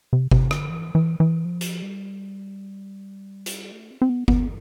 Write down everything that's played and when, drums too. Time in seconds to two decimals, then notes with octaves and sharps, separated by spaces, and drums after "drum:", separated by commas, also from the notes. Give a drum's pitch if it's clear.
0.13 C3
0.31 C3, drum: kick G1
0.51 D3, drum: rim click
0.70 E3
0.95 E3
1.20 E3
1.45 F3
1.61 drum: hi-hat
1.82 G3
3.46 drum: hi-hat
3.72 A3
3.91 C4
4.02 C4
4.09 B3
4.28 B3, drum: kick G1